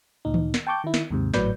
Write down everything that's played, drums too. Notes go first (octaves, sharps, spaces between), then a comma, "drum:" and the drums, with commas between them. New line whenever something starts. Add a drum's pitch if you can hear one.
D2 A#2 D#4
drum: tom D#3
drum: snare
G5 A5 C#6 D6 G6
D#3 E4
drum: snare
D#2 G#2 C3
G#1 A2 F#3 B4 D5 G6, drum: snare